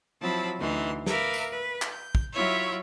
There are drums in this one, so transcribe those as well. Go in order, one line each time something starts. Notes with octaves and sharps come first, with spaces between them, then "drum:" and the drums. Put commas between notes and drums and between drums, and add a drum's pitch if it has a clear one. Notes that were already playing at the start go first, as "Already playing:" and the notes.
F3 F#3 C4 E4 A5 B5
D2 E3 D#4 C6
A#4 B4 E5 F5 D6, drum: snare
drum: tambourine
B4
drum: clap
G6
drum: kick
F#3 E4 F4 C#5 E5